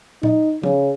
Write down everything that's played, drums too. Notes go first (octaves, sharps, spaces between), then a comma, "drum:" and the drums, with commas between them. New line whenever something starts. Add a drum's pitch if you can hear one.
D#4, drum: tom A#2
C#3, drum: tom